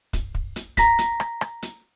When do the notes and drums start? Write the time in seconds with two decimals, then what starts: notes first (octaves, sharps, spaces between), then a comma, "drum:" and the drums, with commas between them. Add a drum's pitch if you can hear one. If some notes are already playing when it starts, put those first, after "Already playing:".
0.13 drum: kick, hi-hat
0.35 drum: kick
0.56 drum: hi-hat
0.77 A#5 A#6 B6, drum: kick, hi-hat
0.99 drum: hi-hat
1.20 drum: rim click
1.41 drum: rim click
1.62 drum: hi-hat